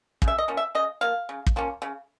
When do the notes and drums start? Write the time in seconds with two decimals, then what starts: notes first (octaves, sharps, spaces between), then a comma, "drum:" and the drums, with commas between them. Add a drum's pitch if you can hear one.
0.22 C#3, drum: kick
0.28 E5
0.38 D#5
0.48 F3 A#3 C#4
0.57 E5
0.75 C#3 D#5
1.01 F3 A#3 F5
1.29 C#3
1.46 drum: kick
1.56 F3 A#3 C#4
1.82 C#3